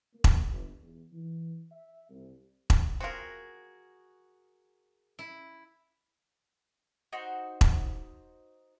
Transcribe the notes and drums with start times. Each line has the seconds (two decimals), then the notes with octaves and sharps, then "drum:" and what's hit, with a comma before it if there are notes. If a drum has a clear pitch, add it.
0.14 A#3
0.24 drum: kick E1
0.51 G1
0.83 E2
1.12 E3
1.71 E5
2.10 C2
2.70 drum: kick E1
3.00 C4 F4 F#4 G#4 A#4
5.19 E4
7.13 D#4 F#4 C5
7.61 drum: kick E1